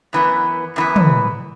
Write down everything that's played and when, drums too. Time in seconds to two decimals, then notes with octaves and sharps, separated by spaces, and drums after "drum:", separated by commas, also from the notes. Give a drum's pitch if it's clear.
0.13 F#2 E3 B3
0.76 F#2 E3 B3
0.96 drum: tom